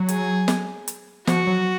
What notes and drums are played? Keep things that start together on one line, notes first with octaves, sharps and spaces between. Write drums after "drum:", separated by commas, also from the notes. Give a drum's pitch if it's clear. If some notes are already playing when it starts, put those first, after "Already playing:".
Already playing: F#3
G#4, drum: hi-hat
drum: snare
drum: hi-hat
F3 F#4, drum: snare
F#3